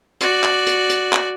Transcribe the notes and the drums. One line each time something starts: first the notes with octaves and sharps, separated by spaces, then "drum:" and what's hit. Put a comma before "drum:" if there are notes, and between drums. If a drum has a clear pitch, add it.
F#4 D5, drum: hi-hat
drum: clap
drum: hi-hat
drum: hi-hat
drum: clap